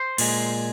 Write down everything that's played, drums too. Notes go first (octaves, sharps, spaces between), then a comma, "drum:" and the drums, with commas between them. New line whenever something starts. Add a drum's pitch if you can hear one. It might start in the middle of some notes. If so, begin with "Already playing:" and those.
Already playing: C5
A#2 G#3, drum: cymbal